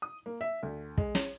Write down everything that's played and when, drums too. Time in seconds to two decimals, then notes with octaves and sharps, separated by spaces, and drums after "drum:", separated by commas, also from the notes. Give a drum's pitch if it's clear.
0.02 D#6
0.26 A#3
0.41 E5
0.63 D2
0.98 G#3, drum: kick
1.15 C#5, drum: snare